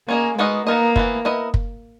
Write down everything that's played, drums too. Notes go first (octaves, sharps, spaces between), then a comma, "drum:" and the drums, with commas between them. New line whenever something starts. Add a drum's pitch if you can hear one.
A#3 C#4 G#4 D#5
G#3 B3 D#4 F#4 A#4 D#5
A#3 B3 D#4 A#4 D#5
E3 B3 E4, drum: kick
B3 E4 A#4 D#5
drum: kick